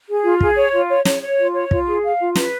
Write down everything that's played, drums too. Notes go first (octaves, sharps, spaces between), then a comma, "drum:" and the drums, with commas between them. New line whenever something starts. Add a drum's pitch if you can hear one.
G#4
F4
G#4, drum: kick
C#5
F4
C#5
C#5, drum: snare
C#5
F4
C#5
F4, drum: kick
G#4
F5
F4
B4, drum: snare